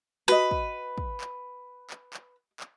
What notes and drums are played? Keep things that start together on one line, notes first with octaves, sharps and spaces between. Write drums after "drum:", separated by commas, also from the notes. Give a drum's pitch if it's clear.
F#4 B4 D#5
drum: kick
drum: kick
drum: clap
drum: clap
drum: clap
drum: clap